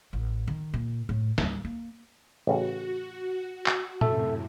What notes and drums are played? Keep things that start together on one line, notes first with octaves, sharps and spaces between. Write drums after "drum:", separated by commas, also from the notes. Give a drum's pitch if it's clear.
A1
D#3
A#2
A2
D#2 G3, drum: snare
A#3
A1 C#3 F#4
F#4
drum: clap
F#2 A2 C3 A4 E5 A5, drum: tom A#2